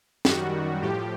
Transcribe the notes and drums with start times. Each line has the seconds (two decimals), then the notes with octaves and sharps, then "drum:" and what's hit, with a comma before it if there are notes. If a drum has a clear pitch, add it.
0.25 F#2 D#3 G3 F#4, drum: snare
0.82 A2 F3 G4